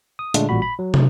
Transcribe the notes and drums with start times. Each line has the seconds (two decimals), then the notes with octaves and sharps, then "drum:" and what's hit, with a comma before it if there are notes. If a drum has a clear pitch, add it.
0.19 D#6
0.34 A#2 D3 G#3 A3 D4, drum: hi-hat
0.49 A1 A#2 G3 F#4 B5
0.62 B5
0.79 F#3
0.94 drum: tom